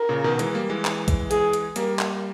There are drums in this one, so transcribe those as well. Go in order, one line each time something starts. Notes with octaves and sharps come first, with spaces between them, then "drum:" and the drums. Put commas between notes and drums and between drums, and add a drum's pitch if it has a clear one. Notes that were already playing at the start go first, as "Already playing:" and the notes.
Already playing: A#4
A#2 C#3
B2 D#3
E3 G#3, drum: hi-hat
G3 A#3
E3 G#3
drum: clap
drum: kick, hi-hat
G#4, drum: hi-hat
drum: hi-hat
G3 A#3 A#4, drum: hi-hat
drum: clap